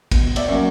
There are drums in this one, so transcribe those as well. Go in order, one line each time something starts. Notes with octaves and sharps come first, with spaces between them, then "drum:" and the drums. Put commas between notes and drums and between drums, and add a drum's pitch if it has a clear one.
B2, drum: kick, cymbal
D5 E5, drum: cymbal
F#3 A#3 C#4